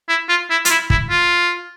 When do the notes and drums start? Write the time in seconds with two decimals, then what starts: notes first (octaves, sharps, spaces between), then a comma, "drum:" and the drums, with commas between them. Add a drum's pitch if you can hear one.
0.09 E4
0.29 F4
0.50 E4
0.65 F4, drum: hi-hat
0.70 E4
0.90 E4, drum: kick
1.10 F4